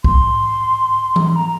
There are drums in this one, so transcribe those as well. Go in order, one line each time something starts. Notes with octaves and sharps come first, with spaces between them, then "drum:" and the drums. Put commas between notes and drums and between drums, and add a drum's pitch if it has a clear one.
C6, drum: kick B1
drum: tom E3
A#5